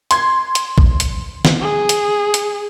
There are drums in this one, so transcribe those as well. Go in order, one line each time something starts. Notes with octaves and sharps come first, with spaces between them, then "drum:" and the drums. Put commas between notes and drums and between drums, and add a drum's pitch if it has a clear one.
C6 G#6, drum: hi-hat
drum: hi-hat
drum: kick A#1
drum: hi-hat
drum: snare
G#4
drum: hi-hat
drum: hi-hat